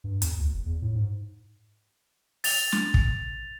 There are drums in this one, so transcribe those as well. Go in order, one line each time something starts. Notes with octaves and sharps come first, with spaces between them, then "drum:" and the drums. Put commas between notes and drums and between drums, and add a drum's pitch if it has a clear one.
G2
E2, drum: hi-hat
D2
F#1
E2
A2
G#2
A6 F7, drum: open hi-hat
drum: snare
drum: kick